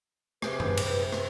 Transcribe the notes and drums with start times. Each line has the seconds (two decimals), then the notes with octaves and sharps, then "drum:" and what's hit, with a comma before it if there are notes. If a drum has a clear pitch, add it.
0.42 C3 G4 G#4 B4, drum: rim click
0.60 drum: tom F#2
0.77 drum: cymbal
1.12 drum: rim click